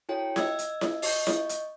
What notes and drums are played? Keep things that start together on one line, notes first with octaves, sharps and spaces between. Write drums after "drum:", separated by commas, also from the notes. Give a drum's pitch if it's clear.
E4 F#4 A4 C#5 G5
D#5 E6 G#6, drum: snare E4
drum: hi-hat
drum: snare E4
D#5 C#6 G6, drum: open hi-hat
drum: snare E4
drum: hi-hat